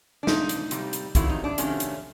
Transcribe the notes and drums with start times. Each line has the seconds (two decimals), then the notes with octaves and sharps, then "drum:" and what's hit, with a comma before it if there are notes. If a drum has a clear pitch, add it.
0.23 D4
0.27 F2 C3 D#4, drum: snare
0.49 drum: hi-hat
0.71 F2 C3 G3, drum: hi-hat
0.93 drum: hi-hat
1.15 F2 C3 D#3 F#3 A3 E4, drum: kick, hi-hat
1.29 D#4
1.44 D4
1.58 F2 C3 D#3 F#3 A3 C#4, drum: hi-hat
1.80 drum: hi-hat